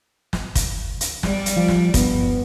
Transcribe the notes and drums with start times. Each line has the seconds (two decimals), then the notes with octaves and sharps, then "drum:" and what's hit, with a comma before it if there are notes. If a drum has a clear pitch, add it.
0.33 drum: snare
0.55 drum: kick, hi-hat
1.01 drum: hi-hat
1.23 G3 D5, drum: snare
1.46 drum: hi-hat
1.57 F3
1.68 drum: snare
1.94 G2 B3, drum: kick, hi-hat